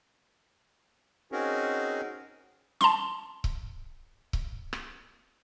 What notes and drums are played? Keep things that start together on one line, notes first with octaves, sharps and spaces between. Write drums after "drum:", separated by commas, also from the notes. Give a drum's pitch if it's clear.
C4 C#4 D#4 F#4 G#4 A#4
A5 C6, drum: snare
drum: kick C#1
drum: kick C#1
drum: rim click